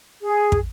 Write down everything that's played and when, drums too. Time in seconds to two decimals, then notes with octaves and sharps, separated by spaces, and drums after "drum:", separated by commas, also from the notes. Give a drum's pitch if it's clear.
0.23 G#4
0.52 drum: kick